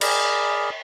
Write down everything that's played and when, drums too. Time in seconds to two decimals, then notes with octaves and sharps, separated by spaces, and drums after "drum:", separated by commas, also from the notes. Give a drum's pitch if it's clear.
0.01 G#4 A#4 D5 B5, drum: cymbal